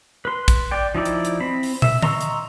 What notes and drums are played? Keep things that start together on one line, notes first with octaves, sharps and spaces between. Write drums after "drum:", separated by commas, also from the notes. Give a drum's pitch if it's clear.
B4 C6
drum: kick, hi-hat
D5 G5
F3 D#4 E4 D5
drum: hi-hat
drum: hi-hat
C4 B5
drum: open hi-hat
E5, drum: tom
D#5 A#5 C6 C#6 E6, drum: tom D3
drum: hi-hat